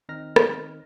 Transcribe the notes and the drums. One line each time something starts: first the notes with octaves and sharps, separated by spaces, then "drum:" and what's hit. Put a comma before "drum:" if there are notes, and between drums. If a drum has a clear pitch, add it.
D#3 C4 D#4 F6 A#6
drum: rim click